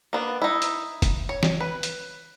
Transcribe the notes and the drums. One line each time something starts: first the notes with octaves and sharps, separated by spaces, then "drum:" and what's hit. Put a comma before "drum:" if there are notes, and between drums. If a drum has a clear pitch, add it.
A#3 B3 D4
D#4 E4
drum: hi-hat
drum: kick, hi-hat
C#5
drum: snare
B4
drum: hi-hat